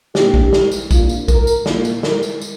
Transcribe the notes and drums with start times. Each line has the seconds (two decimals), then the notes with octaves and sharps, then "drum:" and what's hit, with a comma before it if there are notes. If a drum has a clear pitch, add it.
0.15 A#2 A#3 D4 G4, drum: snare
0.34 drum: kick A#1
0.53 drum: snare
0.72 drum: tambourine
0.91 C2 A#2 A#3 D4 F4, drum: kick A#1, tambourine
1.09 drum: tambourine
1.28 A#4, drum: kick A#1, tambourine
1.47 drum: tambourine
1.66 A#2 A#3 F4, drum: snare
1.85 drum: tambourine
2.03 A#4, drum: snare
2.23 drum: tambourine
2.41 drum: tambourine